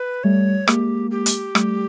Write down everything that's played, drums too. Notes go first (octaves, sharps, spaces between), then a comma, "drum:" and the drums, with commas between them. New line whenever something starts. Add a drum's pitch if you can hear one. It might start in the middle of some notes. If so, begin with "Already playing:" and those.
Already playing: B4
G3 A3 C#5
G#3 A#3 G4, drum: rim click
G4
drum: hi-hat
G3 A3, drum: rim click